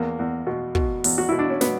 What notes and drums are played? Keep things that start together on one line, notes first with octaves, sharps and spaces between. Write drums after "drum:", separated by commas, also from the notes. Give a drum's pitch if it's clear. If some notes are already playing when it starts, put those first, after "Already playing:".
Already playing: E2 A#3
E2
B2
B2, drum: kick
E2, drum: open hi-hat
F#4
B2 E4
D4
C#4
B2 B3, drum: snare